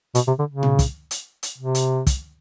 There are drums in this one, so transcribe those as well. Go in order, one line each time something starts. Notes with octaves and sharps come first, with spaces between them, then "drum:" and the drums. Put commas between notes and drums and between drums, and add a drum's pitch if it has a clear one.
B2, drum: hi-hat
C3
D3
C#3
drum: tom A#2
drum: kick, hi-hat
drum: hi-hat
drum: hi-hat
C3
drum: hi-hat
drum: kick, hi-hat